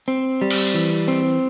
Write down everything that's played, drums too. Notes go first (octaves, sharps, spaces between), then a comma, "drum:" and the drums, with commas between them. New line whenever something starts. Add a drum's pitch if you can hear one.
C4
G3
drum: cymbal
E3
C4